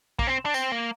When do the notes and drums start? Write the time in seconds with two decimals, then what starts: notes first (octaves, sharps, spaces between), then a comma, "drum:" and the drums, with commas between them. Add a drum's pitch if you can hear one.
0.19 A#3, drum: kick
0.27 C4
0.45 D4
0.54 C4, drum: tambourine
0.72 A#3